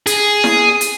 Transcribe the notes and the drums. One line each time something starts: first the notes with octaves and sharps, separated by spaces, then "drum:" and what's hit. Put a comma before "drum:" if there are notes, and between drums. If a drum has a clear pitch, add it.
G#4, drum: hi-hat
drum: snare E4
drum: hi-hat